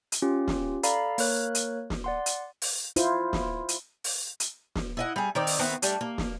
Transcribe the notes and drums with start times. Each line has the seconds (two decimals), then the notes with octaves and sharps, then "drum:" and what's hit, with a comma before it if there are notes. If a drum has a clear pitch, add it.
0.12 drum: hi-hat
0.22 C#4 F4 G4
0.48 drum: snare
0.83 A4 D5 F5 A#5 B5, drum: hi-hat
1.18 A#3 A#4 C#5 F#6, drum: open hi-hat
1.55 drum: hi-hat
1.90 drum: snare
2.04 D5 F#5 C6
2.26 drum: hi-hat
2.62 drum: open hi-hat
2.96 E4 F4 C5, drum: hi-hat
3.33 drum: snare
3.69 drum: hi-hat
4.04 drum: open hi-hat
4.40 drum: hi-hat
4.76 drum: snare
4.97 E4 D#5 F#5
5.16 G3 G#4
5.35 D#3 C4 D#4 D5
5.47 drum: open hi-hat
5.59 D#3 B3 C4 E4
5.82 G3 A3 D4, drum: hi-hat
6.01 A#3
6.18 drum: snare